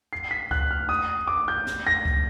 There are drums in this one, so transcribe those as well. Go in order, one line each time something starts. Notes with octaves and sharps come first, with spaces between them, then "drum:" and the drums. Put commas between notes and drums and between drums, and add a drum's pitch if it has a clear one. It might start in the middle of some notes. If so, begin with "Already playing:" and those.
C7
B6
F#6, drum: kick C#2
F6
D#6
D6
G6
drum: snare
A#6
drum: kick C#2